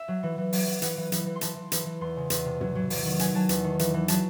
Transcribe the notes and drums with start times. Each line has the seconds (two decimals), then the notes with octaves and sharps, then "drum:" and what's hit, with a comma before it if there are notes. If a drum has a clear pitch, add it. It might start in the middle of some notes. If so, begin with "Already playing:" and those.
Already playing: E5
0.08 F#3
0.23 E3
0.38 E3
0.53 F#3, drum: open hi-hat
0.67 F#3
0.82 E3 F#5, drum: hi-hat
0.97 E3
1.12 E3, drum: hi-hat
1.26 E3
1.36 C6
1.41 E3 A5, drum: hi-hat
1.56 E3
1.72 E3, drum: hi-hat
1.86 E3
2.01 E2 C6
2.16 C#3
2.30 E2, drum: hi-hat
2.45 C3
2.61 F#3, drum: tom
2.75 F#3
2.90 E2, drum: open hi-hat
3.05 D#3
3.19 F#3 G#5, drum: hi-hat
3.35 F#3 A5
3.49 E2, drum: hi-hat
3.64 D#3
3.79 E3, drum: hi-hat
3.94 E3
4.08 F#3 A5, drum: hi-hat